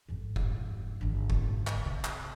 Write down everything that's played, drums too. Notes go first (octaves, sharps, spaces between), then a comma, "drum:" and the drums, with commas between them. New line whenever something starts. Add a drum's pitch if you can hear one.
G#1 F2
drum: kick F1
G#1 D3
drum: kick F1
drum: clap
C3
drum: clap